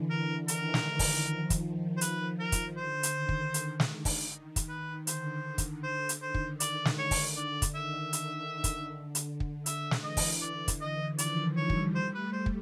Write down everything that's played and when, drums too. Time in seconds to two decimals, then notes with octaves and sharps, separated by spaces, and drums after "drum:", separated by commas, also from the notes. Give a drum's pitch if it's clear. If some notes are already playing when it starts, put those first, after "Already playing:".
Already playing: D3 E3
0.10 D3 E3 A#4
0.48 D#3 A#4, drum: hi-hat
0.74 drum: snare
0.87 D#3
0.99 drum: kick, open hi-hat
1.25 D#3 F3
1.50 drum: kick, hi-hat
1.63 D#3
1.97 C5
2.01 B4, drum: hi-hat
2.39 A#4
2.52 drum: kick, hi-hat
2.77 D3 C5
3.03 drum: hi-hat
3.16 D#3
3.29 drum: kick
3.54 drum: hi-hat
3.80 drum: snare
4.05 drum: kick, open hi-hat
4.56 drum: kick, hi-hat
4.69 B4
5.07 D3 C5, drum: hi-hat
5.45 D3
5.58 drum: kick, hi-hat
5.83 D3 C5
6.09 drum: hi-hat
6.22 D#3 C5
6.34 drum: kick
6.60 D#3 D5, drum: hi-hat
6.85 drum: snare
6.98 C#5
7.11 drum: kick, open hi-hat
7.36 D3 D5
7.62 drum: kick, hi-hat
7.75 D#3 E5
8.13 D3, drum: hi-hat
8.64 drum: kick, hi-hat
9.15 drum: hi-hat
9.40 drum: kick
9.66 E5, drum: hi-hat
9.91 drum: snare
10.04 D3 E3 D#5
10.17 drum: kick, open hi-hat
10.42 D5
10.68 drum: kick, hi-hat
10.81 D#5
11.18 D#3 F3 D5, drum: hi-hat
11.57 F3 G3 C#5
11.70 drum: kick
11.95 G3 A3 C5
12.15 B4
12.33 C5
12.46 drum: kick